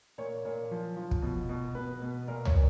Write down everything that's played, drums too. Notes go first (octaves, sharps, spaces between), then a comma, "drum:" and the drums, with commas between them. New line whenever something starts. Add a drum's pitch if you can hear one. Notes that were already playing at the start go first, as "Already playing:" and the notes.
A#2 C#5
A#2
F3
F3
drum: kick
B2
B2
B2 B4
B2
A#2 A#4
C#5, drum: tom
A#2